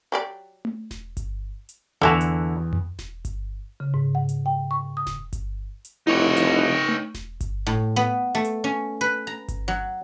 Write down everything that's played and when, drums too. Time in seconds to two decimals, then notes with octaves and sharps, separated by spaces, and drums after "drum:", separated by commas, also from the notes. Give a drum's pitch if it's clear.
0.12 F#3 G4 D5
0.65 drum: tom A3
0.91 drum: snare E1
1.17 drum: kick G1, hi-hat
1.69 drum: hi-hat
2.02 E2 D3 E4 F#4 A4 G5 A5 F7
2.21 drum: hi-hat
2.73 drum: tom F2
2.99 drum: snare E1
3.25 drum: kick G1, hi-hat
3.80 C#3
3.94 G#2
4.15 F#5
4.29 drum: hi-hat
4.46 G5
4.71 C#6
4.97 D#6
5.07 drum: snare E1
5.33 drum: kick G1, hi-hat
5.85 drum: hi-hat
6.07 F1 D#4 E4 C#5
6.37 drum: hi-hat
6.89 drum: tom A3
7.15 drum: snare E1
7.41 drum: kick G1, hi-hat
7.67 A2
7.96 B3
8.35 A3
8.44 drum: hi-hat
8.64 C#4
9.01 B4
9.27 A#5
9.48 drum: kick G1, hi-hat
9.68 F#3